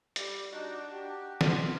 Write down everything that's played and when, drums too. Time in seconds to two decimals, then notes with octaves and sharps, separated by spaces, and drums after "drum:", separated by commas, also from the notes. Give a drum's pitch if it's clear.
0.16 G3, drum: hi-hat
0.52 D4 D#4 F#4
0.92 F#4 G4
1.41 C4 F6, drum: snare